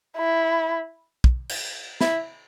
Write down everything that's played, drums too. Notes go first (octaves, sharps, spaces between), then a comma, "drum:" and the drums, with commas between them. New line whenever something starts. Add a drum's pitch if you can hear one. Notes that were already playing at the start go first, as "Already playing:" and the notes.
E4
drum: kick
drum: cymbal
E4, drum: snare